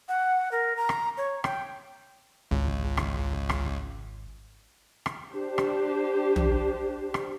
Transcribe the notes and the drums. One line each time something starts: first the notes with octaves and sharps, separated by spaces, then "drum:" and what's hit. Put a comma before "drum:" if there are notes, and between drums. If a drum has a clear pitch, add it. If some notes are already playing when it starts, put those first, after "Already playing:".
F#5
A#4
A#5
drum: rim click
C#5
G5, drum: rim click
G#1 C#2
drum: rim click
drum: rim click
drum: rim click
D4 G4 C5
drum: rim click
drum: tom
drum: rim click